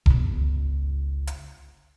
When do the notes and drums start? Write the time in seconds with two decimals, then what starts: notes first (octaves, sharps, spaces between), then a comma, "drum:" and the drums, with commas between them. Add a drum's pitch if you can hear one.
0.06 G1 C#2, drum: kick E1
1.27 drum: hi-hat